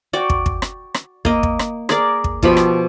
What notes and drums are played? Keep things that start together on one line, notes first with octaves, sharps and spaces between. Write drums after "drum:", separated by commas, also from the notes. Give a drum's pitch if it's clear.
F#4 D5 G5
drum: kick
drum: kick
drum: rim click
drum: rim click
A#3 D#5, drum: kick
drum: kick
drum: rim click
G#4 A#4 D5, drum: rim click
drum: kick
B2 F3 G4 B5, drum: kick
drum: rim click